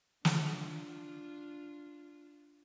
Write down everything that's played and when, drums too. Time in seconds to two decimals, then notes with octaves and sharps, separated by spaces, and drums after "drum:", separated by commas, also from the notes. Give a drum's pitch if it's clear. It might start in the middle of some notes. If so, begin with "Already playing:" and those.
0.25 D4 F4, drum: snare